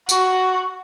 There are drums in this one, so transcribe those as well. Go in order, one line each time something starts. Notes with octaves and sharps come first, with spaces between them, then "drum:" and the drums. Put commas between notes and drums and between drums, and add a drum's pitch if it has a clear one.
F#4, drum: tambourine